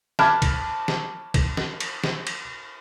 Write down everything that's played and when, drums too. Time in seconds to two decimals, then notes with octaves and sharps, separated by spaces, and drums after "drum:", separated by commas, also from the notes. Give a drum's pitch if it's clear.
0.19 A5 B5 D6 F6 F#6 G#6, drum: snare
0.42 drum: kick, cymbal
0.88 drum: snare
1.34 drum: kick, cymbal
1.57 drum: snare
1.80 drum: cymbal
2.04 drum: snare
2.27 drum: cymbal